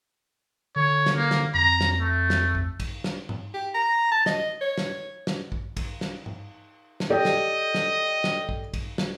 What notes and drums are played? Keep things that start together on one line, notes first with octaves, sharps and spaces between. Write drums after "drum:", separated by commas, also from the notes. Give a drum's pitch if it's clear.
D3 C#5
drum: snare
A#3
drum: snare
F2 A#5
drum: snare
A3
drum: snare
drum: kick
drum: kick, cymbal
drum: snare
drum: tom G#2
G4
A#5
A5
D#5, drum: snare
C#5
drum: snare
drum: snare
drum: kick
drum: kick, cymbal
drum: snare
drum: tom G#2
drum: snare
G4 A4 D5 D#5
drum: snare
drum: snare
drum: snare
drum: kick
drum: kick, cymbal
drum: snare